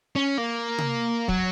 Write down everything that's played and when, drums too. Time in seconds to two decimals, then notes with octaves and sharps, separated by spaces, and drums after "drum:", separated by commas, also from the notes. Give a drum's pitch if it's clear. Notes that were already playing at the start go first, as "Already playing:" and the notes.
0.16 C#4
0.38 A#3
0.78 drum: tom C3
1.28 F#3, drum: kick